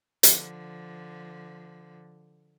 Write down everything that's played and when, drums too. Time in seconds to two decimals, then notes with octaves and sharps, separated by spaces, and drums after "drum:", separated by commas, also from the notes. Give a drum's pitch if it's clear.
0.23 D3 F3, drum: hi-hat